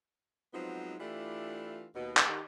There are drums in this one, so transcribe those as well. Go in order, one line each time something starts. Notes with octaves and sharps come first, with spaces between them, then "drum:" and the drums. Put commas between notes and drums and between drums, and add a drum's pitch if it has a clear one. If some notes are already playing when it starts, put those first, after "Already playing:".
F3 F#3 G#3 B3 C4 D#4
E3 A3 D4 E4 F4 G4
D#2 B2 B4
drum: clap
D#3 G4